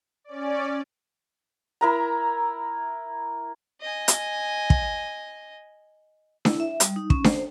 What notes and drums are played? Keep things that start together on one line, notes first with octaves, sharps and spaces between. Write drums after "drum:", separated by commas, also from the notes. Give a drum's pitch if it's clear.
C#4 D5
E4 A#4 A#5
D#5 G#5
drum: hi-hat
drum: kick
E4, drum: snare D4
E5
G3, drum: hi-hat
D#4
C#4, drum: kick
C5, drum: snare D4